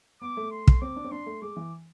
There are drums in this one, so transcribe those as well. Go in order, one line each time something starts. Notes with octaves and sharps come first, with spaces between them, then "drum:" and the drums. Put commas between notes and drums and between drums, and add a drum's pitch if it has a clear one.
B3 D6
A3
C6
drum: kick
C4 D6
D4
C4
D4 C6
A3
G#3 D6
E3